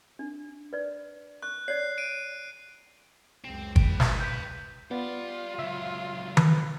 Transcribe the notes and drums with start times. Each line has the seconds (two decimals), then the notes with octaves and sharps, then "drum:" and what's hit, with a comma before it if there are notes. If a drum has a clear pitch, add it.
0.19 D4
0.73 B4 D5
1.42 C#6 F#6
1.68 C#5 D5 C7
1.98 D7 D#7
3.45 C#2 F#2 C4
3.76 B4 G5, drum: kick G1
4.00 drum: snare
4.20 G6 B6
4.91 B3 F4 G4 D5
5.59 C#2 F#3 E5
6.37 B4, drum: tom D#3